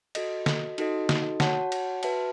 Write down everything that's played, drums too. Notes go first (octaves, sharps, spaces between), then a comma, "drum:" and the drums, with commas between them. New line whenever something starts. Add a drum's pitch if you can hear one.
F#4 A4 D#5, drum: cymbal
drum: snare
D#4 F#4 A4 D#5, drum: cymbal
drum: snare
F#4 C#5 F#5 A5, drum: snare
drum: cymbal
F#4 B4 E5 A5, drum: cymbal